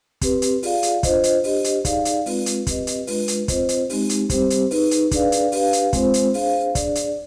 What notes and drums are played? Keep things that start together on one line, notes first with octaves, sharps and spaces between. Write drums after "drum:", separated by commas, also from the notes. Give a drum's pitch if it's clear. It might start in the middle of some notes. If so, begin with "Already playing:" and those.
C4 G4 B4, drum: kick, hi-hat
drum: hi-hat
F4 G#4 D5 F5, drum: open hi-hat
drum: hi-hat
D4 F4 C5 D#5, drum: kick, hi-hat
drum: hi-hat
D4 G4 C5 D#5, drum: open hi-hat
drum: hi-hat
D#4 G#4 D5 F5, drum: kick, hi-hat
drum: hi-hat
G#3 C4 F4 B4, drum: open hi-hat
drum: hi-hat
C4 G4 B4 D#5, drum: kick, hi-hat
drum: hi-hat
G#3 D4 F4 B4, drum: open hi-hat
drum: hi-hat
C4 F4 C5 D#5, drum: kick, hi-hat
drum: hi-hat
G#3 C4 D#4 G4, drum: open hi-hat
drum: hi-hat
G3 C4 G4 C5, drum: kick, hi-hat
drum: hi-hat
D#4 G#4 B4, drum: open hi-hat
drum: hi-hat
D4 G#4 B4 D5 F5, drum: kick, hi-hat
drum: hi-hat
D4 G4 B4 F5, drum: open hi-hat
drum: hi-hat
G#3 C4 F4 C5, drum: kick, hi-hat
drum: hi-hat
D4 G#4 C5 F5, drum: open hi-hat
D4 G#4 D5, drum: kick, hi-hat
drum: hi-hat